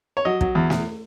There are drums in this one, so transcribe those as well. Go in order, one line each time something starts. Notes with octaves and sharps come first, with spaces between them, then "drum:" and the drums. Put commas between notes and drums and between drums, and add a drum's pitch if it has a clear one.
C#5
F#3 D#5
F#3, drum: kick
E2
E2, drum: snare